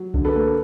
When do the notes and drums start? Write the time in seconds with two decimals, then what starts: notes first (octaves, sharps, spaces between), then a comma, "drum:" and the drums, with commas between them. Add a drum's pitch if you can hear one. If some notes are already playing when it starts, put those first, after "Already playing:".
Already playing: F#3
0.14 D3, drum: kick C2
0.24 A4 B4
0.36 A#3